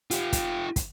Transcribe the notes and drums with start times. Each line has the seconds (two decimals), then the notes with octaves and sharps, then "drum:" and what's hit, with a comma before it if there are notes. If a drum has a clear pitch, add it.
0.11 F4 G4, drum: hi-hat
0.33 drum: kick, hi-hat
0.76 drum: kick, hi-hat